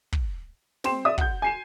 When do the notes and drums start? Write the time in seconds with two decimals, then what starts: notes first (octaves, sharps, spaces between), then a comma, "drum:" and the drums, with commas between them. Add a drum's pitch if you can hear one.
0.12 drum: kick
0.84 C4 G5 C6 E7, drum: snare
1.05 D5 E5 D#6
1.18 F#5 G6, drum: kick
1.42 G#5 C7 E7